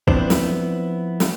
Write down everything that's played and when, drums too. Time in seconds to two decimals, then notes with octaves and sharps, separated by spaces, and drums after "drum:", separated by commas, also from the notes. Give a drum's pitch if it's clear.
0.08 F3 B3 C4 D4 E4 C5, drum: kick
0.30 drum: snare
1.20 drum: snare